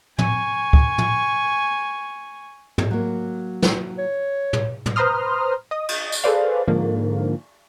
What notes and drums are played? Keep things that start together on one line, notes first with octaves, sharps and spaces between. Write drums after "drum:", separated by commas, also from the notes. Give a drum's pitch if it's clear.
G#5 C#6, drum: tom
drum: kick C#2
drum: tom
drum: tom
F#3 A#3
drum: snare
C#5
drum: tom
drum: tom
B4 C5 A#5 C6 D#6 F6
D#5 D#6
drum: cymbal
drum: tambourine
G#4 A4 B4 C5 D5 F5
G#2 D3 F3 A#3